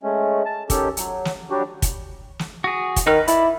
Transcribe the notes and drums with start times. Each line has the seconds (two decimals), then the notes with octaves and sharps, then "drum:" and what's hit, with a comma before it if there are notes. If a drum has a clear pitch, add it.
0.03 G#3 A3 C#4
0.46 A5
0.70 D#3 C#4 G4 A4, drum: kick, hi-hat
0.97 F#3, drum: hi-hat
1.25 drum: snare
1.50 F#3 G3 D4 F#4 G4
1.82 drum: kick, hi-hat
2.39 drum: snare
2.64 F#4 G#4
2.96 drum: kick, hi-hat
3.07 D#3 D#4 B4 F6
3.28 E4 D5 B5, drum: hi-hat